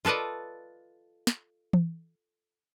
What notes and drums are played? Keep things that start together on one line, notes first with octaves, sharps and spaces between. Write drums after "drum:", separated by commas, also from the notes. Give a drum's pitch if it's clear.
F4 A4 B4 D5 D#5
drum: snare
drum: tom E3